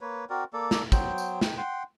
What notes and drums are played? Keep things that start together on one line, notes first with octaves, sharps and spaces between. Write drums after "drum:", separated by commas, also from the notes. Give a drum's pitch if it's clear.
A#3 B4 C#5
C4 F#4 A#4 D5
A#3 A4 D5
drum: snare
F#3 B3 C5 G5, drum: kick, tambourine
drum: tambourine
G#3 G5, drum: snare
F#5 G5 C6